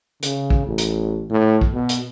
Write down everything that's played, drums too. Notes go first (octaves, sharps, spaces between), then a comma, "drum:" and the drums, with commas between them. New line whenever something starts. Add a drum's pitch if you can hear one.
C#3, drum: hi-hat
drum: kick
A1
drum: hi-hat
A2
drum: kick
B2
drum: hi-hat